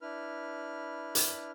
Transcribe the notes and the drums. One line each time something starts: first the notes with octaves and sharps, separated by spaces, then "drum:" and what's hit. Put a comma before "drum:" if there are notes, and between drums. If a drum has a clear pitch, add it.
D4 E4 B4 F6
drum: hi-hat